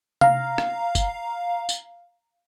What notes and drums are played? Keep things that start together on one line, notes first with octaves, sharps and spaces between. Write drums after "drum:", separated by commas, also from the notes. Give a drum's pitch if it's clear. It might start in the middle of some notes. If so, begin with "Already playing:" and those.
F5 A#5, drum: tom C3
drum: rim click
drum: kick, tambourine
drum: tambourine